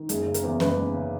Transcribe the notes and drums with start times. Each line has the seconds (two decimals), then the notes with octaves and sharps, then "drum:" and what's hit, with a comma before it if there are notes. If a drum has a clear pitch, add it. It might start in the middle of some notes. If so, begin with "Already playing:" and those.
Already playing: D#3
0.09 F#1 G#4, drum: hi-hat
0.26 C#3
0.34 A#4, drum: hi-hat
0.43 E2
0.60 F#1 B4, drum: snare B3
0.78 F#1
0.94 C#3